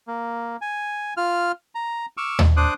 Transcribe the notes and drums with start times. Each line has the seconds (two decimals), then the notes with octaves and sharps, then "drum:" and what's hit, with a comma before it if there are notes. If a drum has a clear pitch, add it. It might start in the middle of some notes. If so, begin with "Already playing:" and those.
0.07 A#3
0.61 G#5
1.17 F4 F6
1.75 A#5
2.17 C#6 D6 E6 F6
2.39 drum: tom D#2
2.57 D4 C5 D6 D#6 F#6